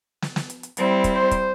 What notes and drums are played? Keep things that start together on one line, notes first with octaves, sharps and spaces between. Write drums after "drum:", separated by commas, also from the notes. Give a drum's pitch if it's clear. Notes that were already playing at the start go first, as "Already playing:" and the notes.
drum: snare
drum: snare
drum: hi-hat
drum: hi-hat
G3 C4 E4, drum: hi-hat
drum: kick, hi-hat
C5
drum: kick, hi-hat